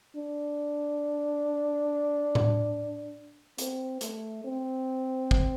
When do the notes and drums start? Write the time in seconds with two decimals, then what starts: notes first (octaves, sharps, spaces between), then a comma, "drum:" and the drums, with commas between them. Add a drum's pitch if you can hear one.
0.15 D4
2.35 drum: tom A2
3.58 C4, drum: hi-hat
4.01 A3, drum: hi-hat
4.44 C4
5.31 drum: kick